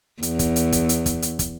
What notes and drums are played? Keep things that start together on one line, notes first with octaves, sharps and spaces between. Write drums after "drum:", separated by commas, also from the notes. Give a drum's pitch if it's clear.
E2, drum: hi-hat
drum: kick, hi-hat
drum: hi-hat
drum: kick, hi-hat
drum: hi-hat
drum: kick, hi-hat
drum: hi-hat
drum: kick, hi-hat